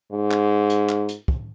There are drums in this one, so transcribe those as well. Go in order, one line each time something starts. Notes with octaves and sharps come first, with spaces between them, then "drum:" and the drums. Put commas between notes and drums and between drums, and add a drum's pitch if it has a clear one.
G#2
drum: clap
drum: hi-hat
drum: clap
drum: hi-hat
drum: kick